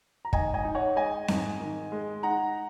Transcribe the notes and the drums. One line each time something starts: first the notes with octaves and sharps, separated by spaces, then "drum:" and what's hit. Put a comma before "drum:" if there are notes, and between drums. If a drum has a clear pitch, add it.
A#5
G#2 D#5 G#5, drum: kick
D#5 G#5
D#4
C#5 F#5
G#3 D#5 G#5
G#2, drum: snare C4
D#3
G#3
D#4 F#5 A#5